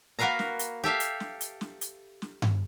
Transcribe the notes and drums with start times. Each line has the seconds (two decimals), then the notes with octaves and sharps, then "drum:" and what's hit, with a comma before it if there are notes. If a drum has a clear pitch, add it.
0.19 A#3 F#4 A#4 B4 F5 A#5
0.39 drum: snare
0.59 drum: hi-hat
0.84 G4 A4 E5 F5
1.00 drum: hi-hat
1.20 drum: snare
1.41 drum: hi-hat
1.61 drum: snare
1.81 drum: hi-hat
2.22 drum: snare
2.42 drum: tom G2